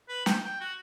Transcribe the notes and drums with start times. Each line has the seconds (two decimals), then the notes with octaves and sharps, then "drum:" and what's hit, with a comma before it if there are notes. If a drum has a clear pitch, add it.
0.09 B4
0.26 G5, drum: snare
0.45 G5
0.61 F#4